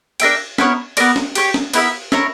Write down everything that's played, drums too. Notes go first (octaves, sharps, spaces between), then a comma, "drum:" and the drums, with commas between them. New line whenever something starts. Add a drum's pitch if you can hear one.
D4 A#4 E5 G5, drum: cymbal
B3 E4 A#4 C#5, drum: snare
B3 E4 A#4 D5, drum: cymbal
drum: snare
G4 C#5 G5, drum: cymbal
drum: snare
B3 E4 A#4 E5, drum: cymbal
E4 A#4 C#5, drum: snare